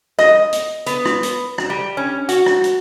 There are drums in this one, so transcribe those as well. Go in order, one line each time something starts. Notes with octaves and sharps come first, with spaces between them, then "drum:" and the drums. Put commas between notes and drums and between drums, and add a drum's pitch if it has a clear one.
D#5, drum: rim click
drum: hi-hat
B3, drum: hi-hat
drum: rim click
drum: hi-hat
drum: rim click
G3
C#4
F#4, drum: hi-hat
drum: rim click
drum: hi-hat